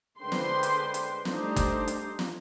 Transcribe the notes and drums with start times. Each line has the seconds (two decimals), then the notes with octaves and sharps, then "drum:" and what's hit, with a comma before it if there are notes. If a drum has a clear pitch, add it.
0.20 D3 G#3 B4 C5 G5 C6
0.32 drum: snare
0.63 drum: hi-hat
0.94 drum: hi-hat
1.25 G3 A3 D4 D#4 A4 C5, drum: snare
1.56 drum: kick G1, hi-hat
1.88 drum: hi-hat
2.19 drum: snare